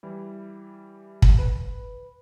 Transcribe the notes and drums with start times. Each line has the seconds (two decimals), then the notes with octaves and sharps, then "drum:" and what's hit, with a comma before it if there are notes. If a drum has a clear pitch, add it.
0.03 E3 G3 E4
1.22 drum: kick
1.38 B4